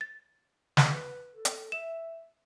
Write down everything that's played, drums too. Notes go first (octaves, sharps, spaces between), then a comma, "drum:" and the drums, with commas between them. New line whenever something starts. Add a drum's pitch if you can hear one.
A6
drum: snare
B4
A4
drum: hi-hat
E5 E7